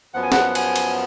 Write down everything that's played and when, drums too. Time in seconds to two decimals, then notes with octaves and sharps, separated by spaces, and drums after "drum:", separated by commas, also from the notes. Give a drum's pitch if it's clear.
0.14 F#2 F3 B3 F#5
0.23 G#5
0.32 F#5, drum: snare
0.50 F#5
0.55 G#5, drum: cymbal
0.76 drum: cymbal